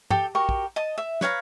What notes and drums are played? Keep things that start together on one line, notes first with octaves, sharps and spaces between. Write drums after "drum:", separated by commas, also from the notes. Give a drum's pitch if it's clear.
G4 A4 G5, drum: tom G2
F#4 G4 A#4 C#6
drum: kick
D#5 A5 D#6
E5
B4 C#5 F5 A#5, drum: snare